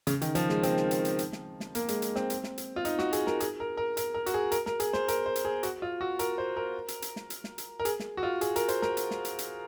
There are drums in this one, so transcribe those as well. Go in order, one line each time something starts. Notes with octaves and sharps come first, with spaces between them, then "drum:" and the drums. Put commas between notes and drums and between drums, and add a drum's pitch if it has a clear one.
C#3, drum: hi-hat
D#3, drum: hi-hat
F3, drum: hi-hat
G#3, drum: snare
C4, drum: hi-hat
drum: snare
drum: hi-hat
drum: hi-hat
drum: hi-hat
drum: snare
drum: snare
A#3, drum: hi-hat
G#3, drum: hi-hat
drum: hi-hat
C4, drum: snare
drum: hi-hat
drum: snare
drum: hi-hat
F4
D#4, drum: hi-hat
F#4, drum: snare
G#4, drum: hi-hat
A#4, drum: snare
G#4, drum: hi-hat
A#4
A#4
A#4, drum: hi-hat
A#4
F#4, drum: hi-hat
G#4
A#4, drum: hi-hat
A#4, drum: snare
G#4, drum: hi-hat
C5, drum: snare
A#4, drum: hi-hat
C5
drum: hi-hat
G#4
F#4, drum: hi-hat
F4
F#4
A#4, drum: hi-hat
C5
A#4
drum: hi-hat
drum: hi-hat
drum: snare
drum: hi-hat
drum: snare
drum: hi-hat
A#4
G#4, drum: hi-hat
drum: snare
F#4
F4
G#4, drum: hi-hat
A#4, drum: hi-hat
C5, drum: hi-hat
A#4, drum: snare
drum: hi-hat
drum: snare
drum: hi-hat
drum: hi-hat